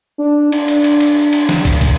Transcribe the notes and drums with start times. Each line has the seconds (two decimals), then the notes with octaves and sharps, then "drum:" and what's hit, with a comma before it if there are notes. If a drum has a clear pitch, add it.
0.19 D4
0.52 D4, drum: cymbal
0.68 drum: cymbal
0.84 drum: cymbal
1.00 drum: cymbal
1.33 drum: cymbal
1.49 drum: snare
1.65 drum: kick, cymbal
1.81 drum: kick, cymbal